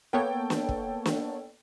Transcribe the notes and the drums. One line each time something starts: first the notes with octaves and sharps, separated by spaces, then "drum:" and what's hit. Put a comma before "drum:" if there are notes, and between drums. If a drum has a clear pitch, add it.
A#3 B3 A4 C#5 G5
drum: snare
drum: kick
drum: snare